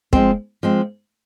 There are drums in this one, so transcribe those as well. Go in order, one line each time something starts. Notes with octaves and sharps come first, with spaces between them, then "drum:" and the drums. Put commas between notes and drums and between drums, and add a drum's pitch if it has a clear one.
F3 G#3 C4, drum: kick
F3 G#3 C4